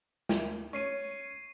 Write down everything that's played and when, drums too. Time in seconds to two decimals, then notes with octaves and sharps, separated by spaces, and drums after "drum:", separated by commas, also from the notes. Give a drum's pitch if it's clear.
0.29 drum: snare
0.73 C#4 C#6 C7 D#7